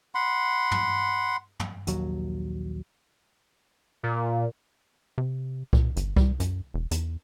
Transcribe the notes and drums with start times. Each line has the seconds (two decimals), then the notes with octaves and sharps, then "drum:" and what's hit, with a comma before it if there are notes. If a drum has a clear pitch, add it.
0.15 F#5 B5 C6
0.71 drum: tom
1.60 drum: tom
1.87 A#1 D#2 F#3, drum: hi-hat
4.03 A#2
5.18 C3
5.73 A#2, drum: kick C2
5.96 G1, drum: hi-hat
6.16 G3, drum: kick C2
6.40 F#2, drum: hi-hat
6.74 E1
6.91 E2, drum: hi-hat